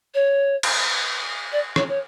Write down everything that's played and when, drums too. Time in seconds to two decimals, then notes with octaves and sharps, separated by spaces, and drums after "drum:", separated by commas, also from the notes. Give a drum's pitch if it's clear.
0.14 C#5
0.63 drum: cymbal
1.52 D5
1.76 C#5, drum: rim click
1.89 C#5